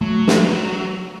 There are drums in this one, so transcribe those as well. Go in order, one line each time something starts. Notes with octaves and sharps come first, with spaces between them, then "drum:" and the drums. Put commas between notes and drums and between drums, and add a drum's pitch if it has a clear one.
F#3 A3
drum: snare